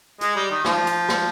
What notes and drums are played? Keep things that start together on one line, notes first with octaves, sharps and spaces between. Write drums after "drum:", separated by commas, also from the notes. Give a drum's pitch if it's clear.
G#3, drum: hi-hat
G3
D#3
F3, drum: rim click
drum: hi-hat
drum: rim click